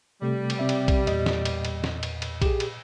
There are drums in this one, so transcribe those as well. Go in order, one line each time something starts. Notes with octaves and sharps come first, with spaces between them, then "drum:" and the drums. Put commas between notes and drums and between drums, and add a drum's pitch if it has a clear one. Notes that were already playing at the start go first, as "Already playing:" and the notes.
C3 G3 A3
drum: cymbal
C3 C4 E5
drum: cymbal
drum: kick A#1, cymbal
E2 A#2 D#5, drum: cymbal
drum: snare
drum: cymbal
drum: cymbal
drum: snare
drum: cymbal
drum: cymbal
G4 G#4, drum: kick A#1, cymbal
drum: cymbal